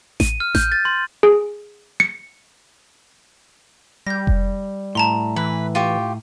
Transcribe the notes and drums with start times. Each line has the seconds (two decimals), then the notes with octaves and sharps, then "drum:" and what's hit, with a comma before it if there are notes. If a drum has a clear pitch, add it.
0.20 D#7, drum: snare A1
0.40 F6
0.55 G6, drum: snare A1
0.72 A6
0.85 C6
1.23 G#4
2.00 C#7
4.07 G3 G6 A#6
4.27 drum: kick F1
4.95 A2 A5 A#5 C6
5.36 E3 B4
5.75 F4 G4 C#6 D#7